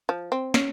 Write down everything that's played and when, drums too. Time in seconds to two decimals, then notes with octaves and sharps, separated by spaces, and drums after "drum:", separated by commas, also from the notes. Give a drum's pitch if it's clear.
0.09 F3
0.32 C4
0.54 C#4, drum: snare